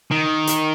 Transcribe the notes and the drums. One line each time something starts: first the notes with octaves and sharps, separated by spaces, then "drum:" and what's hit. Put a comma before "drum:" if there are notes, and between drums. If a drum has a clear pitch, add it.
D#3
drum: hi-hat